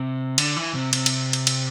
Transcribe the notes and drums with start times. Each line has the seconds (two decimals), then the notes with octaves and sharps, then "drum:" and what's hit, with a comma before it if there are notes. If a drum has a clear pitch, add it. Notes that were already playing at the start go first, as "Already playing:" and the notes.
Already playing: C3
0.38 D3, drum: cymbal
0.56 E3
0.74 C3
0.93 C3, drum: cymbal
1.06 drum: cymbal
1.33 drum: cymbal
1.47 drum: cymbal